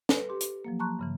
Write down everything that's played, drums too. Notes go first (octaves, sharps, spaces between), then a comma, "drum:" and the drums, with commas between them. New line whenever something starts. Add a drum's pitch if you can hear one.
A4 B4, drum: snare
G4 C6 D6
drum: hi-hat
F3 F#3 A#3
A5 A#5 C6 C#6 F#6
G2 C#3 E3